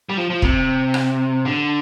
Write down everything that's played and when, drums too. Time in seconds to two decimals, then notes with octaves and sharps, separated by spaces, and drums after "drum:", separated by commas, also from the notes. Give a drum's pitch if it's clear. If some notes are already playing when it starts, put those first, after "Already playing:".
0.09 G3
0.17 F3
0.30 F3
0.42 C3, drum: kick
0.94 drum: rim click
1.45 D3